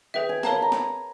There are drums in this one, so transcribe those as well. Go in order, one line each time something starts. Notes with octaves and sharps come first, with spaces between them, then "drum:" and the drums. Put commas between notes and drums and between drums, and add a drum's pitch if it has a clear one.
G#4 B4 E5 G5
G#5
A#4 C#5 F5 A5 A#5, drum: snare
B5
A#5
drum: snare